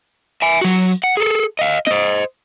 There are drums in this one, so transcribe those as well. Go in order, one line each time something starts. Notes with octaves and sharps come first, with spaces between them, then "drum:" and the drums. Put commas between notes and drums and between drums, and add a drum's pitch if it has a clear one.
E5 G#5
F#3 F#4, drum: open hi-hat
F#5
G#4 A4
D#5 F5
C5 D#5, drum: snare